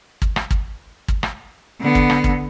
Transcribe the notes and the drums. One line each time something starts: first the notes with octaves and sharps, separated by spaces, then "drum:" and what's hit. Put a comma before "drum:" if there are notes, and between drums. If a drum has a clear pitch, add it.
drum: kick
drum: rim click
drum: kick
drum: kick
drum: rim click
D3 B3
drum: kick
drum: rim click
drum: kick